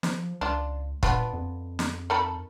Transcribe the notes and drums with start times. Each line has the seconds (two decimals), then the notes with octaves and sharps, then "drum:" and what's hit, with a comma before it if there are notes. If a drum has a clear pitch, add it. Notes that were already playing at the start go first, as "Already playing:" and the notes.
0.03 F3, drum: snare
0.41 C#2 D4 F4
1.03 A#2 B3 D4 F4, drum: kick
1.33 F2
1.79 drum: snare
2.10 D#3 A4 B5